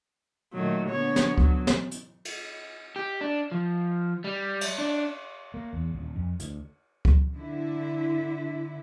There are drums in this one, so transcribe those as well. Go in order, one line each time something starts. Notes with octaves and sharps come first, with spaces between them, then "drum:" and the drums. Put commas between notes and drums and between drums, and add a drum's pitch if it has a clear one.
A#2 D#3 F#3 A3
D3 B3 C#5
drum: snare
F#3, drum: kick C#2
drum: snare
drum: hi-hat
drum: cymbal
G4
D4
F3
G3
drum: cymbal
D4
A#3
E2
D#1
F2
D2, drum: hi-hat
drum: kick C#2
D3 E4